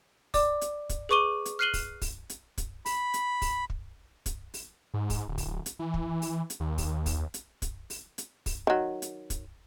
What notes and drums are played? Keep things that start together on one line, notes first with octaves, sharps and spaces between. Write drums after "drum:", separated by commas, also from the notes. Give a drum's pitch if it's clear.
D5 D6, drum: kick, open hi-hat
drum: hi-hat
drum: kick, hi-hat
G#4 B4 C#6 D6 D#7 G7
drum: hi-hat
F6 F#6 C7 D#7 F#7 G7
drum: kick, open hi-hat
drum: kick, open hi-hat
drum: hi-hat
drum: kick, hi-hat
B5, drum: open hi-hat
drum: hi-hat
drum: kick, open hi-hat
drum: kick
drum: kick, hi-hat
drum: open hi-hat
G#2
drum: kick, open hi-hat
D1
drum: kick, open hi-hat
drum: hi-hat
E3
drum: kick
drum: open hi-hat
drum: hi-hat
D#2
drum: kick, open hi-hat
drum: kick, open hi-hat
drum: hi-hat
drum: kick, hi-hat
drum: open hi-hat
drum: hi-hat
drum: kick, open hi-hat
D#3 F#3
drum: hi-hat
drum: kick, hi-hat